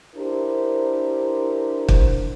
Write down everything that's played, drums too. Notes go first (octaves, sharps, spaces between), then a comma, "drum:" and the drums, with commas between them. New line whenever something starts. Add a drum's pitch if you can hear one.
D4 E4 G4 A#4 C5
drum: kick